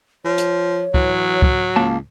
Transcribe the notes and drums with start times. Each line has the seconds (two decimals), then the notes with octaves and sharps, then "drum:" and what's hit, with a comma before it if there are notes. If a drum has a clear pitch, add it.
0.25 F3 C#5
0.38 drum: hi-hat
0.94 E3 F#3, drum: kick
1.42 drum: kick
1.76 C#2 A#3 A5